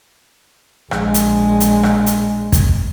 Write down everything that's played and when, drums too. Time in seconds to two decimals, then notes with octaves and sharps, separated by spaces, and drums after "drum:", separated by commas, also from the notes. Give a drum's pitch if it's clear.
0.91 A#1 G#3, drum: rim click
1.14 drum: hi-hat
1.60 drum: hi-hat
1.83 drum: rim click
2.06 drum: hi-hat
2.52 drum: kick, hi-hat